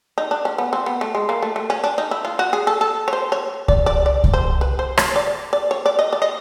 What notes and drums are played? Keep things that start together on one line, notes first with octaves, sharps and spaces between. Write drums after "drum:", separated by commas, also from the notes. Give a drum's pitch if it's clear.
D#4
D4
C#4
B3
C4
B3
A3
G#3
A#3
A3
A3
C#4
D4
D#4
E4
F4
F#4
G#4
A4
A4
C#5
C5
C#5
D5, drum: kick C2
D5
D5
drum: kick C2
C5
B4
C5
C#5, drum: rim click
D5
D5
C#5
D5
D#5
D5
D#5